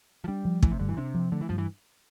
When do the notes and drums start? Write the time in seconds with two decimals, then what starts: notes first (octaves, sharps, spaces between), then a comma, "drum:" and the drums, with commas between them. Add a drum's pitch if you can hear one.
0.24 F3
0.28 G3 D4
0.45 F3
0.63 E3 A3, drum: kick
0.72 C3
0.79 G2 D3
0.89 E3
0.97 C3 D4
1.14 F3
1.32 D3 A3
1.41 E3
1.49 G2 F3
1.58 E3